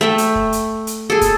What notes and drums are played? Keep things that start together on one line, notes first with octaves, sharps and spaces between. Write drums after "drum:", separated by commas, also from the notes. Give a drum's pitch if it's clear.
A3 E5 G5
drum: hi-hat
drum: kick
drum: hi-hat
drum: hi-hat
G#4 A4
drum: kick, hi-hat